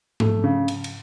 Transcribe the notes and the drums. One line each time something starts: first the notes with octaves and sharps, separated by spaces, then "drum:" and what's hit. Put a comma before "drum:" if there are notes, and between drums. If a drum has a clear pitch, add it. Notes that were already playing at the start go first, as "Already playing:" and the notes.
A3, drum: tom G#2
C#3
drum: cymbal
drum: cymbal